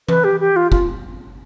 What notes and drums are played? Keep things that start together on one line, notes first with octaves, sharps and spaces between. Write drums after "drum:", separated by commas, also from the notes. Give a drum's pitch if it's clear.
B4, drum: tom E3
G4
G4
F4
F4, drum: kick